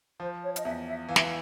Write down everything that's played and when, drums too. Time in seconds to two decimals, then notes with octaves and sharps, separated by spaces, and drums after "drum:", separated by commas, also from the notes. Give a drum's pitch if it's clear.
0.20 F3 C5
0.43 C#5
0.56 D#5, drum: hi-hat
0.64 E2 E5
0.86 E5
1.08 E3 F5
1.16 E5, drum: snare
1.24 F5